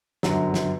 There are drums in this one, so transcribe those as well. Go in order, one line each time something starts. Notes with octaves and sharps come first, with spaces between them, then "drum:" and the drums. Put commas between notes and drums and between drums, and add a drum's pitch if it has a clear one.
G1 F#2 D3 F#3, drum: snare
drum: snare